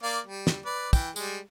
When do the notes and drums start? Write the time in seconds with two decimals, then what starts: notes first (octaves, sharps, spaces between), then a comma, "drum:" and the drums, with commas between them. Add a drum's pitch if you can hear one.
0.03 A#3 D5 F5
0.27 G3
0.47 drum: snare
0.66 B4 D5
0.93 E3 G5, drum: kick, tambourine
1.16 G3 G#3, drum: tambourine